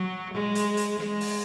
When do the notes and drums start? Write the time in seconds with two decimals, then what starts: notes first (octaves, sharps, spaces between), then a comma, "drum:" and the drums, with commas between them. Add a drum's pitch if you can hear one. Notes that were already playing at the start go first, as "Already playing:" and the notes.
Already playing: F#3
0.34 G#3
0.55 drum: hi-hat
0.77 drum: hi-hat
0.99 G#3, drum: snare
1.21 drum: open hi-hat